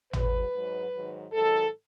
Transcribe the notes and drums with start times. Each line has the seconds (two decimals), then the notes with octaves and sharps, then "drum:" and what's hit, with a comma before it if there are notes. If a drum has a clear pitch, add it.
0.13 G#2 F#3 B4, drum: tom G#1
0.53 G#2 F#3
0.93 G#2 D#3 F#3
1.33 G#2 D#3 F#3 A4